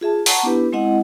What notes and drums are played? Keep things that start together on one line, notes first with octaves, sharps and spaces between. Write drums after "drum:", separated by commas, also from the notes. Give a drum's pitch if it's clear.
F4 G#4 E5 A5
F#5 A5 A#5 C#6, drum: open hi-hat
B3 D4 E4 G4 B4
G#3 C4 E4 D#5 F#5